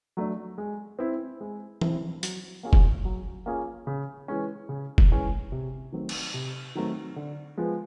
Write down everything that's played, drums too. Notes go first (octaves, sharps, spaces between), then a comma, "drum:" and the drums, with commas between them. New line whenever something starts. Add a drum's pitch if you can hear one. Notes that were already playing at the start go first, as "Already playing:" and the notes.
F#3 A3 D4
G#3
C4 E4
G#3
C4 E4, drum: tom E3
F#3, drum: hi-hat
A#3 C#4 F4 G#4
drum: kick
F#3
A#3 C#4 F4 G#4
C#3
E3 G#3 C#4
C#3
drum: kick
E3 G#3 C#4
C3
D#3 F#3 A3 C4
drum: cymbal
C3
D#3 F#3 A3 C4
D3
F3 G#3 B3